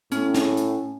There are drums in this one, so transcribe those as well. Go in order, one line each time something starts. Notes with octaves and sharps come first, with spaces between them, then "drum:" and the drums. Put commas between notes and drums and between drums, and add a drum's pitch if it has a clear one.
A2 C#4, drum: hi-hat
drum: snare
drum: hi-hat